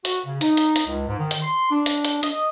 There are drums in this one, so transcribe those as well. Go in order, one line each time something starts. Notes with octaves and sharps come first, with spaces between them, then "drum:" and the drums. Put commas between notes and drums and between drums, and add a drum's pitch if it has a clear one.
F#4, drum: hi-hat
C#3
D#4, drum: hi-hat
drum: hi-hat
drum: hi-hat
C#2
G#2
D#3
drum: hi-hat
C6
D4
drum: hi-hat
drum: hi-hat
D#5, drum: hi-hat